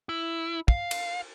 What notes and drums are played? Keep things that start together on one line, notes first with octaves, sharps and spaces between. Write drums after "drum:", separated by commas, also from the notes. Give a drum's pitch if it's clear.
E4
F5, drum: kick
drum: cymbal